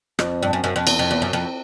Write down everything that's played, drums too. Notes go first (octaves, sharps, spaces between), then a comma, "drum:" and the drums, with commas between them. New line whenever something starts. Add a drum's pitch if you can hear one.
F2, drum: rim click
G2
F#2
F#2
F2
E2, drum: cymbal
F2
E2
F#2
F2